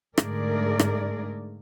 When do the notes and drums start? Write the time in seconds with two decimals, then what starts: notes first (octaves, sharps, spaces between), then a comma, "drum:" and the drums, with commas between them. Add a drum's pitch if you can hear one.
0.18 G#2 D3 A3 G#4 A#4 D5, drum: rim click
0.79 drum: rim click